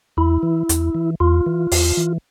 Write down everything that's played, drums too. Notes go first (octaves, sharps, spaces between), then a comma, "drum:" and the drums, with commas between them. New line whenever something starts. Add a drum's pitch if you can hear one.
E2 E4
E3
E2, drum: hi-hat
E3
E2 F4
E3
E2, drum: open hi-hat
E3